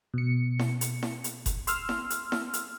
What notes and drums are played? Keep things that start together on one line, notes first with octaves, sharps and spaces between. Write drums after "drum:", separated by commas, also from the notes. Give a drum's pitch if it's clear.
B2 C#7
drum: snare E4
drum: hi-hat
drum: snare E4
drum: hi-hat
drum: kick F#1, hi-hat
C6 E6 F6, drum: hi-hat
drum: snare E4
drum: hi-hat
drum: snare E4
drum: hi-hat